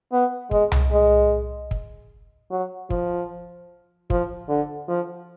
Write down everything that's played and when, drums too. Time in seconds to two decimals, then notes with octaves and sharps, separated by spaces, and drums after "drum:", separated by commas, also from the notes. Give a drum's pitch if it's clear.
0.12 B3
0.51 G#3, drum: kick
0.72 drum: tom C2
0.92 G#3
1.71 drum: kick
2.51 F#3
2.90 F3, drum: kick
4.10 F3, drum: kick
4.49 D3
4.88 F3